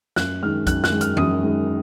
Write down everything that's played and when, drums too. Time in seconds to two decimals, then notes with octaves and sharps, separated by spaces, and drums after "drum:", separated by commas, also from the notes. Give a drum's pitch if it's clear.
0.16 F#2 F#6, drum: snare
0.43 D#3 G#3 F6
0.67 F#2 F#6, drum: kick B1, hi-hat
0.84 F#6, drum: snare
0.92 D#3 G#3
1.01 F6, drum: hi-hat
1.17 F#2 D#6, drum: tom E3
1.43 D#3 G#3